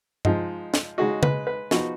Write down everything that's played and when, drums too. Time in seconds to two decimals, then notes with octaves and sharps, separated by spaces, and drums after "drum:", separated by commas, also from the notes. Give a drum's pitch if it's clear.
0.25 F3 G#3 D#4, drum: tom G2
0.74 drum: snare
0.98 C#3 G#3 D#4 F#4
1.23 B4, drum: tom C#3
1.47 B4
1.71 F3 B3 D#4 F#4, drum: snare